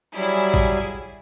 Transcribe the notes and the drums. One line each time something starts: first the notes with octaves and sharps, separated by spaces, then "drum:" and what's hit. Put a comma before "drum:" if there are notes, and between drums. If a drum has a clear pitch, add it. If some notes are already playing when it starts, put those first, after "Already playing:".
F#3 G3 E4 G#4
drum: kick A1